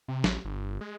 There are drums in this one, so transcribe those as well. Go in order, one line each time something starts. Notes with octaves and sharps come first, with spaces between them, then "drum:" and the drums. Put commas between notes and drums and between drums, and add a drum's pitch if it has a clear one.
C3
A1, drum: snare
G1
G#3